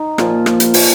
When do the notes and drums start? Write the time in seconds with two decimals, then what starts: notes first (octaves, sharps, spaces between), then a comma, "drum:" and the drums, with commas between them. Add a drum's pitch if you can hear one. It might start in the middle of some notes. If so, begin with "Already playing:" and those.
Already playing: D#4
0.18 A#2 F3 F4, drum: rim click
0.46 drum: rim click
0.60 drum: hi-hat
0.74 A#2 F3, drum: open hi-hat